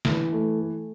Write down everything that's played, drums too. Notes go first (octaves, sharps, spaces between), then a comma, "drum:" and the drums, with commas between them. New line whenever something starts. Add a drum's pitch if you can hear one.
E3, drum: snare
A3
A3